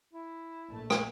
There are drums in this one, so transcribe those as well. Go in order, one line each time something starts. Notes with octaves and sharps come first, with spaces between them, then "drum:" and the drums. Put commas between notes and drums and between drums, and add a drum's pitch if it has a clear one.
E4
A#1 A3 A5
drum: rim click